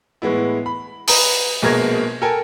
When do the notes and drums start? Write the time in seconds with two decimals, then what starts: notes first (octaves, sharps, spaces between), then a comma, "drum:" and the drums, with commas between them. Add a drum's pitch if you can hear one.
0.22 A2 E3 G#3 B3 E4
0.66 B5
1.08 B4 A#5 B5 D#6, drum: open hi-hat
1.62 A#1 B2 G#3 A#4 G#6 A#6
2.22 A4 A#4 G5 G#5